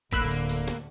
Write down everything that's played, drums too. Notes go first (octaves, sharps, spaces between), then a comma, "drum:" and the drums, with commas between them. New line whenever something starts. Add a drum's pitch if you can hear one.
D1 D2 A2 D3 A#3 B5 E6 F#6, drum: kick A1
drum: hi-hat
drum: open hi-hat
drum: snare